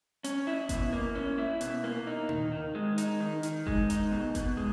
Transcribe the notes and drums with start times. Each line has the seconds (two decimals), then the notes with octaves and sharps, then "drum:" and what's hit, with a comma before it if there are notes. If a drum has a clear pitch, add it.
0.24 C#4, drum: hi-hat
0.47 E4
0.69 B2, drum: kick G1, hi-hat
0.93 A#3
1.15 C#4
1.38 E4
1.61 B2, drum: hi-hat
1.84 A#3
2.07 D#4
2.29 D#3, drum: tom A#2
2.52 D#3
2.75 G#3
2.98 D#4, drum: hi-hat
3.20 D#3
3.43 D#3, drum: hi-hat
3.67 G#3, drum: kick G1
3.90 D#4, drum: hi-hat
4.12 B2
4.35 B2, drum: kick G1, hi-hat
4.57 G#3